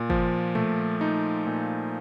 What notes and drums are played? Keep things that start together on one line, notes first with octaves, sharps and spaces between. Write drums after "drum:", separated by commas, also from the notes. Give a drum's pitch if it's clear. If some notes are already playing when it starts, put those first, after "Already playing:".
Already playing: A#2
F3, drum: kick
A3, drum: tom A#2
D#4
A#2